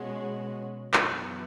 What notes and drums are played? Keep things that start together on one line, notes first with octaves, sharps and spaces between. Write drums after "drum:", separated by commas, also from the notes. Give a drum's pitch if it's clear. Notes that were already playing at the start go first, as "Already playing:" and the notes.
Already playing: B2 G#3 C#4 F#4
F#2 E3 B3 F#4, drum: clap